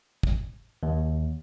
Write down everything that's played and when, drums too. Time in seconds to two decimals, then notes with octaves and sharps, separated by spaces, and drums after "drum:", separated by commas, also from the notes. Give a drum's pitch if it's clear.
0.23 drum: kick
0.83 D#2